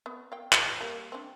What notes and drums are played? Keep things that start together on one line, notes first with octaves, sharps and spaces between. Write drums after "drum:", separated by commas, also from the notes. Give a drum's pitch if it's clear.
B3
F5 G5
G#3, drum: clap
G3 A#3
C4 D4